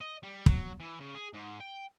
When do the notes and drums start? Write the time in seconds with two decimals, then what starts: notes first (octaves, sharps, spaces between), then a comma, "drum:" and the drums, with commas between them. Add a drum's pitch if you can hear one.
0.01 D#5
0.23 G3
0.46 F#3, drum: kick
0.80 E3
1.00 C#3
1.15 G#4
1.34 G#2
1.60 G5